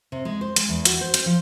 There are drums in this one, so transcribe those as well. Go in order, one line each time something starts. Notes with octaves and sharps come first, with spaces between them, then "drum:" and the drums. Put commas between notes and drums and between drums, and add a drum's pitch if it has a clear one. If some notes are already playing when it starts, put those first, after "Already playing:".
C3
G#3
C5
G#3, drum: hi-hat
E2
F#4, drum: hi-hat
C5
C4, drum: hi-hat
F3